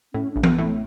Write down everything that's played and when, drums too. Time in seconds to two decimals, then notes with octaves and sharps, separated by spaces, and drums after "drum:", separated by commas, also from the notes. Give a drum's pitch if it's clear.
0.14 A2 C#4
0.31 D4
0.36 A1
0.43 A3, drum: tom E3
0.47 B3
0.59 A2
0.64 A3